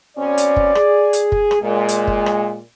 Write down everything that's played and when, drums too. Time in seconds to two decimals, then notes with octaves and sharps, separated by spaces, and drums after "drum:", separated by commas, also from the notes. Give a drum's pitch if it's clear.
0.17 B2 C4 C#4 D5
0.38 drum: hi-hat
0.56 drum: kick
0.75 G#4, drum: rim click
1.13 drum: hi-hat
1.32 drum: kick
1.51 drum: rim click
1.61 A#2 G#3
1.89 drum: hi-hat
2.07 drum: kick
2.26 drum: rim click